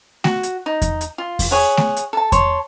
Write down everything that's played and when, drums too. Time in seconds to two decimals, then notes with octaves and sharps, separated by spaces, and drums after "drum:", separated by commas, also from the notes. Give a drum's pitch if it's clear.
0.24 F#4, drum: snare A3
0.43 drum: hi-hat
0.66 D#4
0.82 drum: kick E2, hi-hat
1.01 drum: hi-hat
1.18 F4
1.39 drum: kick E2, open hi-hat
1.51 G#4 C#5 F#5
1.77 drum: snare A3
1.96 drum: hi-hat
2.13 A4 A5
2.32 C#5 A5 C6, drum: kick E2, hi-hat